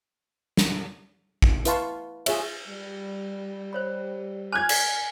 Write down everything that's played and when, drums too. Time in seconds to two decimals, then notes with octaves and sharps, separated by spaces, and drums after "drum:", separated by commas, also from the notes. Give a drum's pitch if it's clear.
0.57 drum: snare
1.42 drum: kick
1.65 E4 B4 F5 A5 C6 C#6, drum: hi-hat
2.26 F4 G#4 C#5 E5, drum: cymbal
2.68 G3
3.73 C5 C#5 B5
4.53 G#5 F6 F#6 G#6
4.69 drum: cymbal